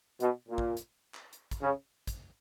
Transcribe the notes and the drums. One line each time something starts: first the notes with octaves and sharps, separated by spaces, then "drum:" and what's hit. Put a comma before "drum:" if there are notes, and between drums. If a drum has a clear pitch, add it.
B2, drum: hi-hat
A#2
drum: kick
drum: hi-hat
drum: clap
drum: hi-hat
drum: kick, hi-hat
C#3
drum: kick, hi-hat